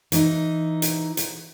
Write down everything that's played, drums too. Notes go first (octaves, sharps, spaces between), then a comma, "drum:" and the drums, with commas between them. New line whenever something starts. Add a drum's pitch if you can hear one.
E3 D#4, drum: hi-hat
drum: hi-hat
drum: hi-hat